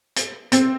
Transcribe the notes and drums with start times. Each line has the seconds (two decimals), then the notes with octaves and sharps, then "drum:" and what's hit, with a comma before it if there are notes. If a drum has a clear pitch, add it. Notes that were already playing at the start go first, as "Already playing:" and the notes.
0.16 drum: hi-hat
0.52 C4, drum: hi-hat